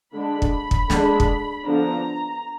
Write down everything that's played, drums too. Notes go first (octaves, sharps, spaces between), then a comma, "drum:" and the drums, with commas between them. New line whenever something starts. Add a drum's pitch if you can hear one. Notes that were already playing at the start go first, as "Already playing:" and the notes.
D3 G#3 D4 B5
drum: kick
drum: kick
D3 G#3 D4, drum: snare
drum: kick
D3 F3 B3 D4 A#5